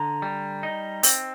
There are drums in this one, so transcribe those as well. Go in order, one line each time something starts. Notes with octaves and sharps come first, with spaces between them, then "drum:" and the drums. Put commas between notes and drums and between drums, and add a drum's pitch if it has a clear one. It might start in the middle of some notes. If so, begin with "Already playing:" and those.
Already playing: D3 A#5
G3
D#4
C4, drum: open hi-hat